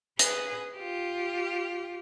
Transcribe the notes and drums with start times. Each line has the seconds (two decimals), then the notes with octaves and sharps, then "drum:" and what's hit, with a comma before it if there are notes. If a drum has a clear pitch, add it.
0.19 G#4 B4, drum: hi-hat
0.76 F4 G4